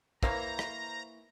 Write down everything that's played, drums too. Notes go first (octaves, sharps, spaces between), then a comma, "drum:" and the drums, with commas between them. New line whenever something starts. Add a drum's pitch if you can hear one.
E3 A#3 C5 C#5 F5 A#5 A#6, drum: kick
drum: rim click